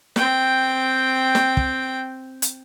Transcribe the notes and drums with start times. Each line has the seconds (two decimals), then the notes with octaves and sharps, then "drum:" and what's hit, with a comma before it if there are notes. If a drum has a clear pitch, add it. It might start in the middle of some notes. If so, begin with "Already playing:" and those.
0.16 C4 G5, drum: snare
1.35 drum: snare
1.57 drum: kick
2.42 drum: hi-hat